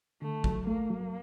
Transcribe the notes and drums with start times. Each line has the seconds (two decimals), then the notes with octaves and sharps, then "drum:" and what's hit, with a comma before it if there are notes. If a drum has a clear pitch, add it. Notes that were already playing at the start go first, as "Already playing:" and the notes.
0.22 D3 A3
0.44 F#3, drum: kick G#1
0.67 A3 A#3
0.90 F#3